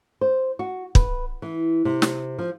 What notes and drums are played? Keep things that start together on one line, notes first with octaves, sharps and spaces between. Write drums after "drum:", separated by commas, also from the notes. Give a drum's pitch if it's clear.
C5
F#4
B4, drum: kick
E3
C3
drum: snare
F3